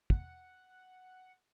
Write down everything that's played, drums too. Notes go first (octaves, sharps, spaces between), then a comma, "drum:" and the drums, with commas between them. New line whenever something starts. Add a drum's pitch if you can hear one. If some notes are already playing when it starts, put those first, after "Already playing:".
F#5, drum: kick